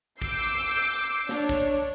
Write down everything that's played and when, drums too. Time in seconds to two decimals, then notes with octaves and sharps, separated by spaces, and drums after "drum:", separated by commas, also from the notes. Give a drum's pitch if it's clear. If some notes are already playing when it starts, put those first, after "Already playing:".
0.22 D6 E6 G6 C7, drum: kick
1.29 D4 C#5, drum: snare
1.49 drum: kick